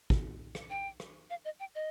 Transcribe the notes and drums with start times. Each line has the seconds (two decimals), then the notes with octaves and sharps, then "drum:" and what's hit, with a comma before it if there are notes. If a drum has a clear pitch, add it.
0.10 drum: kick
0.55 drum: rim click
0.70 G5
1.00 drum: rim click
1.30 F5
1.45 D#5
1.60 G5
1.75 D#5